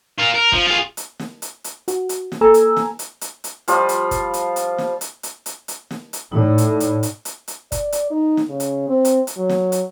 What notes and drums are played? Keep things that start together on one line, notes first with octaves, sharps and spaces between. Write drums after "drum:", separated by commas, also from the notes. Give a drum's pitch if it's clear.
F4 A#4
A#4
F3, drum: kick
F4 G#4
drum: hi-hat
drum: snare
drum: hi-hat
drum: hi-hat
F#4, drum: hi-hat
drum: hi-hat
drum: snare
A#3 A4 G#5 A#5 E6
drum: hi-hat
drum: snare
drum: hi-hat
drum: hi-hat
drum: hi-hat
F3 G3 F4 D#5, drum: hi-hat
drum: hi-hat
drum: kick, hi-hat
drum: hi-hat
drum: hi-hat
drum: snare
drum: hi-hat
drum: hi-hat
drum: hi-hat
drum: hi-hat
drum: snare
drum: hi-hat
A2 D#4 D5
drum: hi-hat
drum: hi-hat
drum: hi-hat
drum: hi-hat
drum: hi-hat
D5, drum: kick, hi-hat
drum: hi-hat
D#4
drum: snare
C#3
drum: hi-hat
C4
drum: hi-hat
drum: hi-hat
F#3
drum: snare
drum: hi-hat